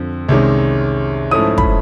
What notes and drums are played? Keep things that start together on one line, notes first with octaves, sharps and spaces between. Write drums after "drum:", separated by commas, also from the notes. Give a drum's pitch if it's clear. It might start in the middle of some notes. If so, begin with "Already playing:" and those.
Already playing: F2 D3 F3
C2 C3 D#3 G#3 C#4
G#2 F3 A3 C#4 E4 D#6
B5, drum: kick